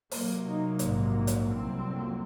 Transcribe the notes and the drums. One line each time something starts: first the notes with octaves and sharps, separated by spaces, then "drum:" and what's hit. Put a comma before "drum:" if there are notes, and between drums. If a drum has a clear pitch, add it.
C3 F#3 A#3, drum: open hi-hat
D#4
A#1 G#2, drum: hi-hat
drum: hi-hat
C2 C4
F2 F#3 A#3